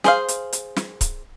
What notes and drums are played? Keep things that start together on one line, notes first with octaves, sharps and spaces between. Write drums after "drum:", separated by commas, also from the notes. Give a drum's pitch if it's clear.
G#4 C5 F5, drum: snare
drum: hi-hat
drum: hi-hat
drum: snare
drum: kick C#1, hi-hat